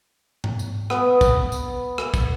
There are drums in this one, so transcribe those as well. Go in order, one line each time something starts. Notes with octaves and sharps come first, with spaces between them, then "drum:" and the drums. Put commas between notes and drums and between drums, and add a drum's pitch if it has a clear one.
drum: tom G#2
drum: tambourine
B3, drum: rim click
drum: kick, tambourine
drum: tambourine
drum: rim click
drum: kick, tambourine